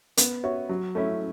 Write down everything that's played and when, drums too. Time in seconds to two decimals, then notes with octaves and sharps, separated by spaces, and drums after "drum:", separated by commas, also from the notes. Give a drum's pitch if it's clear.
0.17 B3, drum: hi-hat
0.43 F#4 C#5 E5
0.69 F#3
0.95 A3 C#4 E4